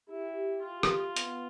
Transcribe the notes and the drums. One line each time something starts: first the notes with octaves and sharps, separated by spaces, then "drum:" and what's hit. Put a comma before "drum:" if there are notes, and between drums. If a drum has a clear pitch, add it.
E4 G4
F4
drum: rim click
B3, drum: hi-hat